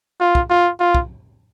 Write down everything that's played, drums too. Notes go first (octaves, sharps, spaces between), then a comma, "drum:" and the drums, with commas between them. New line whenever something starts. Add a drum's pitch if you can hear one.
F4
drum: kick
F4
F4
drum: kick